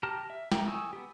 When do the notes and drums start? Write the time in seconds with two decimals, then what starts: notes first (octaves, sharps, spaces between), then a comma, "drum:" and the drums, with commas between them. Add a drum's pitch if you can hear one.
0.03 G4 A5 A#5 F6
0.30 E5
0.52 G5 A#5, drum: snare
0.68 G#5 C#6 D#6 E6
0.93 B3 G4